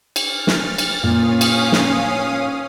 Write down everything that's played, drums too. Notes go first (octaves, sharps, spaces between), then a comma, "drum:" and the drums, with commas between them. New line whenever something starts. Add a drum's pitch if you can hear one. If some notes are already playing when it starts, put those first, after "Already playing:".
F6 A6, drum: cymbal
drum: snare
drum: cymbal
A#2 C#4 F5 D#6
drum: cymbal
drum: snare